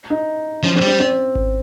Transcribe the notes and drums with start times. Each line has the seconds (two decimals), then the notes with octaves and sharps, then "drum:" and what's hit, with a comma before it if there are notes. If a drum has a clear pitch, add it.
0.10 D#4
0.63 F3 C#4
0.76 C4
0.81 G3
0.87 C4
1.00 C4
1.35 drum: kick G#1